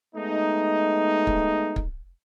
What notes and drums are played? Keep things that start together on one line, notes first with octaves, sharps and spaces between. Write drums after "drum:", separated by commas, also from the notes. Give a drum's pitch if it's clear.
G#3 A3 B3 D#4
drum: kick
drum: kick